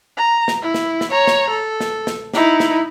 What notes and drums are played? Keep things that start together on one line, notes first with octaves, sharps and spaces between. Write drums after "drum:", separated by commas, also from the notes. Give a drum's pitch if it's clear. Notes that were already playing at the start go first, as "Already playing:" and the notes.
A#5
drum: snare
E4
drum: snare
drum: snare
C#5 A#5
drum: snare
A4
drum: snare
drum: snare
D#4 E4, drum: snare
drum: snare